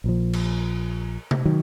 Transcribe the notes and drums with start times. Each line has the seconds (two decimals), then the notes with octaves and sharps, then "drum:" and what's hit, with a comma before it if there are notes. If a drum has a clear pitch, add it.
0.04 A#1 A#2 F3
0.33 drum: cymbal
1.31 drum: tom C3
1.45 D#3 F#3